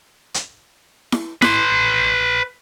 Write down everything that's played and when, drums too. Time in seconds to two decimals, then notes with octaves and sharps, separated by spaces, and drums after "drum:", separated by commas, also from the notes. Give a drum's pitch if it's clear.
0.34 drum: hi-hat
1.12 drum: snare E4
1.42 B4 C6, drum: snare E4